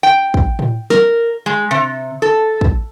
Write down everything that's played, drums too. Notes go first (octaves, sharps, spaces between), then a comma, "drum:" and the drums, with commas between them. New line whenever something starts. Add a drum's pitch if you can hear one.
G5
drum: kick
drum: tom A2
A#4, drum: snare
G#3
C3
A4
drum: kick